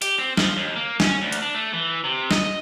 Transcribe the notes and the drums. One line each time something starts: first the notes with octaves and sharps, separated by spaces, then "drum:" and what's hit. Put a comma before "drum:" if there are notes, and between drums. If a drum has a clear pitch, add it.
G4, drum: hi-hat
C4
F3, drum: snare
D#2
A#3
C#4, drum: snare
D2
drum: hi-hat
D4
A3
E3
C3
D#5, drum: snare